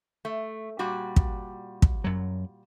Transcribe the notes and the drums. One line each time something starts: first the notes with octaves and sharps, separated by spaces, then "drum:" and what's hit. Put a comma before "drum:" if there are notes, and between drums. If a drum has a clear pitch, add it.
A3
A#2 G3 F#4
drum: kick
drum: kick
F#2 F#3